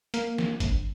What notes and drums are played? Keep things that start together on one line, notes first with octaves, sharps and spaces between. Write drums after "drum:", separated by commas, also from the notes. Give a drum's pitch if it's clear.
A#3, drum: hi-hat
drum: snare
G1, drum: kick A1, hi-hat